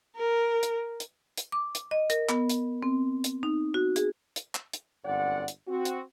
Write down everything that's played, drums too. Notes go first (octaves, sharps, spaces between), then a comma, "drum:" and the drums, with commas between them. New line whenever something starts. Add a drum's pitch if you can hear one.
A#4
drum: hi-hat
drum: hi-hat
drum: hi-hat
D6
drum: hi-hat
D#5
A#4, drum: hi-hat
B3, drum: clap
drum: hi-hat
C4
drum: hi-hat
D#4
F#4
G#4, drum: hi-hat
drum: hi-hat
drum: clap
drum: hi-hat
G1 F#2 C4 D5 F#5
drum: hi-hat
C4 F#4
drum: hi-hat